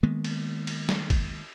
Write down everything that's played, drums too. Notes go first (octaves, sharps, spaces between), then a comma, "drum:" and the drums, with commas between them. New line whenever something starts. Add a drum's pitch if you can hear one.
D#3 G#3 A#3 B3
drum: cymbal
drum: cymbal
drum: snare
drum: kick, cymbal